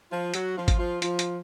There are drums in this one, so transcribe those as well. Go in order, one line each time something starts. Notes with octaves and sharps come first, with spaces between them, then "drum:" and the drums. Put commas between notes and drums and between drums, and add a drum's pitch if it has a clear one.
F3 F4
F#3 F#4, drum: hi-hat
F3 F4
drum: kick G#1, hi-hat
F3 F4
F3 F4, drum: hi-hat
drum: hi-hat